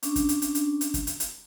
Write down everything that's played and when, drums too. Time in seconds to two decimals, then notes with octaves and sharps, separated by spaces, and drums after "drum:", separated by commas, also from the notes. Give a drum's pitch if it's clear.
0.03 C#4 D4, drum: hi-hat
0.16 drum: kick, hi-hat
0.29 drum: hi-hat
0.42 drum: hi-hat
0.55 drum: hi-hat
0.81 drum: hi-hat
0.94 drum: kick, hi-hat
1.07 drum: hi-hat
1.20 drum: hi-hat